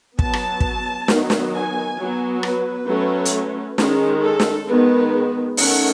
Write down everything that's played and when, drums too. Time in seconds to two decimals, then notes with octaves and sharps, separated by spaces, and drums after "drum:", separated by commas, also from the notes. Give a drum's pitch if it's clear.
0.19 F#3 B3 A5, drum: kick
0.33 drum: rim click
0.60 drum: kick
1.08 D#3 F#3 B3, drum: snare
1.30 drum: snare
1.54 G#5
1.99 F#3 B3
2.43 B4, drum: rim click
2.88 F#3 A3 C#4
3.25 drum: hi-hat
3.78 D#3 G#3 C#4, drum: snare
4.23 A4
4.40 drum: snare
4.67 D#3 G#3 B3 B4
5.57 D#3 A3 C#4 F#5, drum: open hi-hat